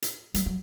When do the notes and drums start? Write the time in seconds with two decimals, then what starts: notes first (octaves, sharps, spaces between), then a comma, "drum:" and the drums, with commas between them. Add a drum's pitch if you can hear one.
0.02 drum: hi-hat
0.34 G3, drum: hi-hat
0.46 F#3